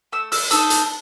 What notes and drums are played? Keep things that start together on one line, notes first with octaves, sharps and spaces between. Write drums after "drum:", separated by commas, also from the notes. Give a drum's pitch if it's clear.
A3 E6
E6, drum: open hi-hat
D#4 A4 E6, drum: hi-hat
drum: hi-hat